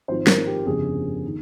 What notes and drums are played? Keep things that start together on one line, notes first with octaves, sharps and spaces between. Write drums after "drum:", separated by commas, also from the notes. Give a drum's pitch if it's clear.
G#1 G#2 F3 C5
A#4, drum: snare
G4
G1 F2 C#3 G#4
D#3